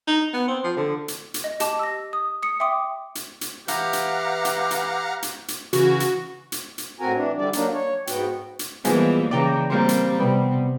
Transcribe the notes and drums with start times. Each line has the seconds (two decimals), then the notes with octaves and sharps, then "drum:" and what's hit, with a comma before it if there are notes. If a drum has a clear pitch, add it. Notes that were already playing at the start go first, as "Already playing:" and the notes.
0.07 D#4
0.34 B3
0.48 C4
0.64 F3
0.77 D3
1.08 drum: hi-hat
1.34 drum: hi-hat
1.44 D#5
1.60 G4 D#5 A5 D6, drum: hi-hat
1.79 E6 A#6
2.13 D#6
2.43 D#6 C#7
2.60 E5 G5 C6 D6 D#6
3.15 drum: hi-hat
3.41 drum: hi-hat
3.68 E3 G4 F5 F#5 A#5, drum: hi-hat
3.93 drum: hi-hat
4.45 drum: hi-hat
4.71 drum: hi-hat
5.22 drum: hi-hat
5.48 drum: hi-hat
5.73 C#3 E3 F#4, drum: hi-hat
6.00 drum: hi-hat
6.52 drum: hi-hat
6.78 drum: hi-hat
7.00 A2 C4 F#4 A#4 G#5 A#5
7.15 E3 D4
7.37 D3 G3 D5
7.53 F#3 A#3 D4 D#4, drum: hi-hat
7.73 C#5
8.07 G#2 B3 F#4 G5, drum: hi-hat
8.59 drum: hi-hat
8.85 E3 F3 G3 G#3 A#3 B3, drum: hi-hat
9.31 C#3 E3 D5 G5 A#5
9.70 G3 A#3 C4 A#4 C5
9.89 drum: hi-hat
10.19 C3 G3 B3